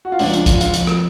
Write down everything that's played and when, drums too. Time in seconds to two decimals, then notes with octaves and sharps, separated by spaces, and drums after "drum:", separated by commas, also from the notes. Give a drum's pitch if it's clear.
0.05 F#4
0.12 F4
0.19 C#2 C#3 F3 D4, drum: open hi-hat
0.34 D4, drum: hi-hat
0.46 F4, drum: kick, hi-hat
0.61 F4, drum: hi-hat
0.74 F2 F3, drum: hi-hat
0.87 drum: rim click